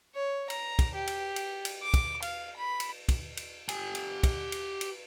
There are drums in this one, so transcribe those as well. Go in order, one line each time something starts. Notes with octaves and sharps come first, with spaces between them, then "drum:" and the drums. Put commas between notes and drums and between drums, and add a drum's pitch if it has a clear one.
C#5
A#5, drum: cymbal
drum: kick, cymbal
G4
drum: cymbal
drum: cymbal
drum: cymbal
D6
drum: kick, cymbal
F5, drum: cymbal
B5
drum: cymbal
drum: kick, cymbal
drum: cymbal
G4 G#5, drum: cymbal
drum: cymbal
drum: kick, cymbal
drum: cymbal
drum: cymbal